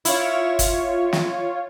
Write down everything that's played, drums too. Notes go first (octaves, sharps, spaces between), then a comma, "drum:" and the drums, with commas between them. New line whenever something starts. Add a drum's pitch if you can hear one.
E4 F4 C#5, drum: hi-hat
drum: kick, hi-hat
drum: snare